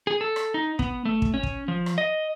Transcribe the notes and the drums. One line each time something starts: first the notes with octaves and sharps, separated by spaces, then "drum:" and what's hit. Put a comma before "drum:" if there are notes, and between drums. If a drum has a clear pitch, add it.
G#4
A4
drum: rim click
D#4
B3, drum: kick
A3
drum: kick
C#4
drum: kick
F3
drum: rim click
D#5